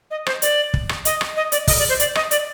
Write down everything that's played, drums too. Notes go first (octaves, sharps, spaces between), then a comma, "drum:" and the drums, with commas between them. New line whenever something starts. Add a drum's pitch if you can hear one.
D#5
C5, drum: rim click
D5, drum: hi-hat
drum: kick
drum: rim click
D#5, drum: hi-hat
drum: rim click
D#5
D5, drum: hi-hat
D#5, drum: kick, open hi-hat
D5
C5
D5, drum: hi-hat
D#5, drum: rim click
D5, drum: hi-hat